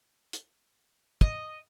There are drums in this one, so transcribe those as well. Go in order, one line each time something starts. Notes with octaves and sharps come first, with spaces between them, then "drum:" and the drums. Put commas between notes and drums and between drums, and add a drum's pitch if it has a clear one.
drum: hi-hat
D#5, drum: kick